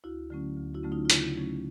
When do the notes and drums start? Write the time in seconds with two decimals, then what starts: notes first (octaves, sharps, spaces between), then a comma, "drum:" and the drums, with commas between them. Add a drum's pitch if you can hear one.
0.04 D2 E4 F#4
0.30 D3 F#3 A3 C#4
0.57 D2
0.74 E4 F#4
0.83 D3 F#3 A3 C#4
0.92 D#4 F4
1.05 F4
1.10 C#3 E4, drum: hi-hat
1.36 F#3 A3 C#4